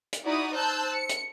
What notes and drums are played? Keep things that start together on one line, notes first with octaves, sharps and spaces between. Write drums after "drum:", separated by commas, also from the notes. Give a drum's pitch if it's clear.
drum: hi-hat
D#4 E4 F#4 D5 A#5 D#6
C5 A5 E6 F#6 G6
C#7
drum: hi-hat